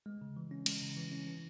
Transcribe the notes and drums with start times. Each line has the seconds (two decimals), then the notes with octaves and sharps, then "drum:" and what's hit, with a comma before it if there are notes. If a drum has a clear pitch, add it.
0.06 G#3
0.22 C#3
0.37 E3
0.51 C#4
0.66 G#3, drum: cymbal
0.82 C#3
0.96 E3
1.12 C#4
1.27 E3